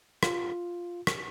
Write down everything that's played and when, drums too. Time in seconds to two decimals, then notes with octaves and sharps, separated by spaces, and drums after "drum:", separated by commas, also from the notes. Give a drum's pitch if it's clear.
0.23 F4, drum: rim click
1.07 drum: rim click